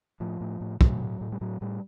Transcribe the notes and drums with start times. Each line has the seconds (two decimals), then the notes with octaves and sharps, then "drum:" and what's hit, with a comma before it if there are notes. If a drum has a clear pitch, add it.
0.20 A2 F3
0.41 A2
0.61 A2
0.81 A2 F#3, drum: kick
1.01 A2
1.21 A2
1.32 G3
1.41 A2 F#3
1.61 A2 G3